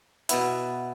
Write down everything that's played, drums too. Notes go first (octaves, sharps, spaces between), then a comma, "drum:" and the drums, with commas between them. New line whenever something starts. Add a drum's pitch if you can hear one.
B2 B3 E4, drum: hi-hat